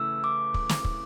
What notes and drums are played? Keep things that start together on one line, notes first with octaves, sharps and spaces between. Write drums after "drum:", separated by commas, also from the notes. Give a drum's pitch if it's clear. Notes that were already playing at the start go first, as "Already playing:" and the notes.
Already playing: C#3 E3 A3 E6
D6
drum: kick
drum: snare
drum: kick